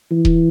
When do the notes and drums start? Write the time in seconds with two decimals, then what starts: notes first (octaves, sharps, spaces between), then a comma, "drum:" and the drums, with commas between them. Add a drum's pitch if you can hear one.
0.11 E3
0.25 drum: kick D#1